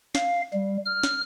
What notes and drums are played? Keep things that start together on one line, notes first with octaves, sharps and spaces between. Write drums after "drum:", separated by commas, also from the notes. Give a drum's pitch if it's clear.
F5, drum: snare
G3
F6
drum: snare